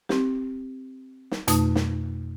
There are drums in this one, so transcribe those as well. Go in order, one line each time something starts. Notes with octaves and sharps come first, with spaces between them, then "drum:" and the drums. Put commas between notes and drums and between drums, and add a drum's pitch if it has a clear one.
C4 G4, drum: snare
drum: snare
F2 B2 A3 D#4, drum: hi-hat
drum: snare